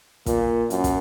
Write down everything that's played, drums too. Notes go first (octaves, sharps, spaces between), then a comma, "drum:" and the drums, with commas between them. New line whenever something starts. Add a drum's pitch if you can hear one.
A#2, drum: kick, hi-hat
F#2, drum: hi-hat
drum: kick, hi-hat